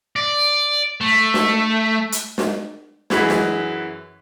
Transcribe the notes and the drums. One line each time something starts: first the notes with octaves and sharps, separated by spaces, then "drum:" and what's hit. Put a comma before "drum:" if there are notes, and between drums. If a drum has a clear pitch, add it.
D5
A3
drum: snare
drum: hi-hat
drum: snare
F#2 E3 G#4 B5, drum: snare
drum: snare